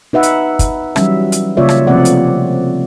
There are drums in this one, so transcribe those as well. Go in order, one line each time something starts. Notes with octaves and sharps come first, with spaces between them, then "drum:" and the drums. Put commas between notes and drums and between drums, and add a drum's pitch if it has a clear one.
D#4 B4 E5 F#5
drum: hi-hat
drum: kick, hi-hat
E3 F#3 G3 C#4 E5, drum: rim click
drum: hi-hat
C#3 A#3 F4 C#5 D5 E5
drum: rim click
C3 F3 A3 C4 D5 F#5
drum: hi-hat